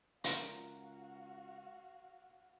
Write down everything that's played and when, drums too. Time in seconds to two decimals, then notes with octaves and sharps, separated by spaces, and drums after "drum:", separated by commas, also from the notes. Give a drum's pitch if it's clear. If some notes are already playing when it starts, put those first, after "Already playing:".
0.24 C#2 A3 F4 F#4 A#4 F5, drum: hi-hat